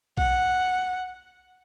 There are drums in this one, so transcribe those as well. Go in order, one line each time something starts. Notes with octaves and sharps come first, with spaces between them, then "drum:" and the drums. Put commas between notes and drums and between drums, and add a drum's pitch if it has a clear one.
F#5, drum: kick B1